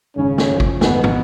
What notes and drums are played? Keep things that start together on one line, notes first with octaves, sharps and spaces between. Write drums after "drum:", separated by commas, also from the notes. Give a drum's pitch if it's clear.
G#1 C#3 C#4
drum: snare
F#2 F3
drum: kick
G#1 B2 B3, drum: snare
drum: tom